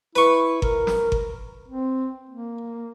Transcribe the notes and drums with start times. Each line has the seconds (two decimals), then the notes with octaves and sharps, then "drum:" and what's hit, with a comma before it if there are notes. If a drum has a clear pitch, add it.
0.16 E4 B4 C#6
0.62 A#4, drum: kick G1
0.87 drum: snare
1.12 drum: kick G1
1.68 C4
2.29 A#3